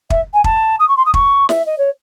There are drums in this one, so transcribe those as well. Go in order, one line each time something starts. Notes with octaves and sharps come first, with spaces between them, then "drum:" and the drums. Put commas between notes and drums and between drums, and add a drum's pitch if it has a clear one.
E5, drum: kick
G#5
A5, drum: kick
D#6
C#6
C6
D#6
C#6, drum: kick
E5, drum: snare
D#5
C#5